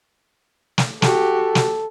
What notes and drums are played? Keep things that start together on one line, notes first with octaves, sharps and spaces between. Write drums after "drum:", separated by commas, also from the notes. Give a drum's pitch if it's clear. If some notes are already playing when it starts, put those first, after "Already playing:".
drum: snare
F#4 G4 A4, drum: snare
drum: snare